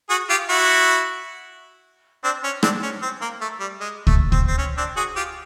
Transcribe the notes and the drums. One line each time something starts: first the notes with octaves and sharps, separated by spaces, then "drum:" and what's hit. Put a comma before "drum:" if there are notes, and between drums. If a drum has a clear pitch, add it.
F#4 G#4
F4 G4
E4 F#4
C4 D4
C#4
C4 D4, drum: rim click
C#4
C4
A#3
A3
G3
G#3
A3, drum: kick
C4, drum: kick
C4
C#4
C4 D4
F#4 G#4
F4 G4